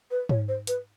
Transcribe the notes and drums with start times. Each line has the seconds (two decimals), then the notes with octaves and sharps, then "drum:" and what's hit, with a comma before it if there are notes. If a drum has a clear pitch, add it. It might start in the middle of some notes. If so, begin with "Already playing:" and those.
0.11 B4
0.29 C#5, drum: tom G#2
0.48 C5
0.67 B4, drum: hi-hat